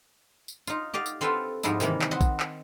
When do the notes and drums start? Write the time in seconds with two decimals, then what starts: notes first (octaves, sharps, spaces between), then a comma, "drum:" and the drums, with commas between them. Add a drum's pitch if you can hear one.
0.48 drum: tambourine
0.67 D#4 F4, drum: tambourine
0.94 G4 D5 D#5 F5
1.06 drum: tambourine
1.21 C4 F4 A4 B4 G5 C6
1.63 G#2 F3 G3 D#4 E4, drum: tambourine
1.80 C3 D#3 E3 A#3 B5, drum: tambourine
2.02 drum: clap
2.11 C4 D#5 F#5 B5 C6
2.21 drum: kick A#1, tambourine
2.40 drum: clap